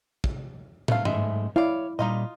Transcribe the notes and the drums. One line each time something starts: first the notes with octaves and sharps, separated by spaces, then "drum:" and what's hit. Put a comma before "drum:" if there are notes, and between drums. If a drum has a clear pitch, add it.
drum: kick
A3 F5, drum: tom
G#2 G#3 A3 E5, drum: tom G2
E4 C#5 D5 F5
A#2 G3 D#4 F4 D#5